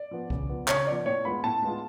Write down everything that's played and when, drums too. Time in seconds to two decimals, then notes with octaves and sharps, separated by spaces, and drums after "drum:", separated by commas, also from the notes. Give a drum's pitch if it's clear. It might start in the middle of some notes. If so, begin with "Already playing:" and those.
Already playing: D5
0.11 F3 B3
0.30 C#3, drum: kick C2
0.49 F3 B3
0.68 C#3 C#5, drum: clap
0.87 F3 B3 D5
1.06 A2 C#5
1.25 G#3 B3 F4 B5
1.44 A2 A5
1.62 G#3 B3 F4